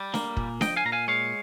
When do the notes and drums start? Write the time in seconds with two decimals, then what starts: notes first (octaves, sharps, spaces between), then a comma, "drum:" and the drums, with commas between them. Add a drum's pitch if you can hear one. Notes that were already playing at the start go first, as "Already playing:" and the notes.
Already playing: G3
0.14 A#3, drum: snare D4
0.37 A#2, drum: kick
0.61 F3 D#5 G5, drum: snare D4
0.76 F5 G#5
0.85 A#2 A#5
0.92 F5 G#5
1.08 G#3 C#5 F5